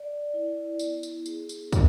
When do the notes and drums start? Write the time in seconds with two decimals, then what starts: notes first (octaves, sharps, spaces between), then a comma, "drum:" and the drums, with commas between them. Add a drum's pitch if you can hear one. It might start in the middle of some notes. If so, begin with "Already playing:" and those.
Already playing: D5
0.34 E4
0.79 B3, drum: tambourine
1.03 drum: tambourine
1.26 G#4, drum: tambourine
1.49 drum: tambourine
1.72 F#5, drum: kick, tambourine